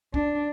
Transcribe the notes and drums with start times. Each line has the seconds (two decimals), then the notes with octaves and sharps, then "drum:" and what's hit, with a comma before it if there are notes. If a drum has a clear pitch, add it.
0.14 D4, drum: kick